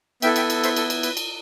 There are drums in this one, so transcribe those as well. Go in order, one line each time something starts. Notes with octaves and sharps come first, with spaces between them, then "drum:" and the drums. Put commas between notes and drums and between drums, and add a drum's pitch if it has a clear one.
B3 E4 A4 E5 G5, drum: cymbal
E5 G5, drum: cymbal
drum: cymbal
C5 E5, drum: cymbal
A4, drum: cymbal
drum: cymbal
B4, drum: cymbal
drum: cymbal